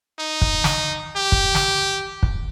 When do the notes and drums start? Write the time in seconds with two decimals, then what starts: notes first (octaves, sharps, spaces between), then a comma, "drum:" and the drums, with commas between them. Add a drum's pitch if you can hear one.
0.19 D#4
0.41 drum: kick
0.64 drum: snare
1.16 G4
1.32 drum: kick
1.55 drum: snare
2.23 drum: kick